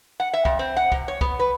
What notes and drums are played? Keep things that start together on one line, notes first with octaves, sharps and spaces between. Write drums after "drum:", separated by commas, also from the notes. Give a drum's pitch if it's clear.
F#5
E5
F2, drum: kick
C4
F#5
C3, drum: kick
C#5
B3, drum: kick
B4